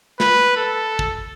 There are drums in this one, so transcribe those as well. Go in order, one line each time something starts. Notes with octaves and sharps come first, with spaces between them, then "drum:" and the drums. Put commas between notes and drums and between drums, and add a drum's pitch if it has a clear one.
B4, drum: snare
A4
drum: kick